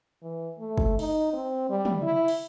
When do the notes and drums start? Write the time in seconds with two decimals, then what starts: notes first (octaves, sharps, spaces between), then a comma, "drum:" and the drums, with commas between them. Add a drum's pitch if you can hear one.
0.22 E3
0.59 A3
0.78 drum: kick F#1
0.99 D#4, drum: cymbal
1.34 C4
1.70 G3
1.85 drum: tom
2.03 E4
2.28 drum: cymbal